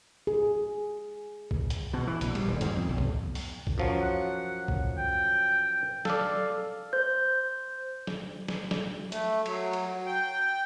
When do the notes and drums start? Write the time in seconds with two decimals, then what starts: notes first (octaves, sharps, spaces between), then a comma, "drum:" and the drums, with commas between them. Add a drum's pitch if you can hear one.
0.27 G#4
1.51 drum: kick
1.70 drum: hi-hat
1.93 B2
2.07 E3
2.21 A#1, drum: hi-hat
2.35 G3, drum: cymbal
2.47 D#1
2.61 G#2, drum: hi-hat
2.73 F2
2.89 B1
2.98 drum: kick
3.35 drum: open hi-hat
3.67 drum: kick
3.78 F#2 F3 F#3
4.02 F#5
4.68 drum: kick
4.98 G5
6.05 A4 D5 F5, drum: snare
6.93 C5 G6
8.07 drum: snare
8.48 drum: snare
8.71 drum: snare
9.12 A3, drum: hi-hat
9.46 F#3, drum: cymbal
9.73 drum: cymbal
10.06 G5